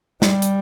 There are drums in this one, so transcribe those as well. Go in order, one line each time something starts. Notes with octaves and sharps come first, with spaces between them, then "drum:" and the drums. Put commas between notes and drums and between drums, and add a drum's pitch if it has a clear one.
G3, drum: snare
drum: hi-hat